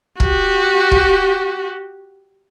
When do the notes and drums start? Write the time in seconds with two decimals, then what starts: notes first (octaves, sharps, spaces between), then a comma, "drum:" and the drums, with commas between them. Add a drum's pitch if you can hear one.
0.20 F#4 G4, drum: kick
0.91 drum: kick